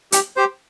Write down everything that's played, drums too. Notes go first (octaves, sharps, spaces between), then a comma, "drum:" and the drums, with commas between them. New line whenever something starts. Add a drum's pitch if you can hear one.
G4, drum: hi-hat
G4 C5